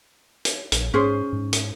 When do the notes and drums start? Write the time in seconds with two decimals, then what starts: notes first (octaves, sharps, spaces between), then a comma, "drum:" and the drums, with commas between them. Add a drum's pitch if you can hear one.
0.45 drum: hi-hat
0.72 A#1, drum: hi-hat
0.94 G#2 C#4 G#4 C5
1.33 G#2
1.53 drum: hi-hat